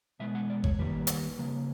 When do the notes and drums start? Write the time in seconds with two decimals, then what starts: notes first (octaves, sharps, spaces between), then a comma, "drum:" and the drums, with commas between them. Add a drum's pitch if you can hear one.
0.20 B2 G#3 B3 E5
0.35 F#5
0.50 D5
0.64 C#5, drum: kick G#1
0.79 D#3 G3 A#3 B4
1.07 drum: hi-hat
1.38 C#3 F3 A#3